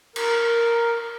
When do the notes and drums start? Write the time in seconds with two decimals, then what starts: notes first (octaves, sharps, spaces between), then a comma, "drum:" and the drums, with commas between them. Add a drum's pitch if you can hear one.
0.16 A#4, drum: cymbal